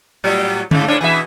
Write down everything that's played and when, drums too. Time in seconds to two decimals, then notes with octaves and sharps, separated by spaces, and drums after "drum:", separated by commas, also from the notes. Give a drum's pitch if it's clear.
0.24 A2 F#3 G3
0.71 G#2 C#3 A3, drum: tom D3
0.88 A2 F3 C#4 D4
1.01 B2 E3 G#4 E5